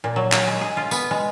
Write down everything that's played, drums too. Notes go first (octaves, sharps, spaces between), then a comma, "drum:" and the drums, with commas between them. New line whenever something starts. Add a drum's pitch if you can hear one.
A#2
F#3
F#3, drum: clap
G#3
G#4
F4
B3, drum: tambourine
G#3